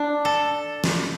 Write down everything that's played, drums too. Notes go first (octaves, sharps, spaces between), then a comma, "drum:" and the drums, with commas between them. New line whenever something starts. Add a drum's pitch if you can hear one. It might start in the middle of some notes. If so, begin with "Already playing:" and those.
Already playing: D4
A4
drum: snare